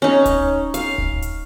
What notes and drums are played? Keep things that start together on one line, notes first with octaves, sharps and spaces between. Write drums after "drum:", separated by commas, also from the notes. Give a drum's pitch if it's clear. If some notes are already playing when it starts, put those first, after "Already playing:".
C#4 D#4
drum: kick D1, hi-hat
F5, drum: hi-hat
drum: kick D1
drum: hi-hat